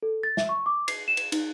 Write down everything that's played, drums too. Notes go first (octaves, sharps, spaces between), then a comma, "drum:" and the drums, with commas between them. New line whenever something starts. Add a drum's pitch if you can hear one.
A4
A6
E5, drum: snare
C#6
D6
C7, drum: cymbal
E7
drum: cymbal
D#4, drum: cymbal